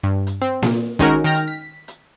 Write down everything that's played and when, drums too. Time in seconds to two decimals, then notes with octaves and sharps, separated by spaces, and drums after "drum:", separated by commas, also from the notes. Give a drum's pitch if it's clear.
0.03 G2
0.27 drum: hi-hat
0.42 C4
0.63 A#2, drum: snare A#3
0.99 D#3 G#3 C#4 D#4 F#4 A#4, drum: kick, hi-hat
1.24 D#3 G5 F6 A#6
1.34 drum: hi-hat
1.48 B6
1.88 drum: hi-hat